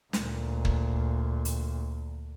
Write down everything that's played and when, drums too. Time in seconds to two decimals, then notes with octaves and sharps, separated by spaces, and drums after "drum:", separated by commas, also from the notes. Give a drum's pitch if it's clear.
0.13 D2 A#2, drum: snare
0.65 drum: kick
1.45 drum: hi-hat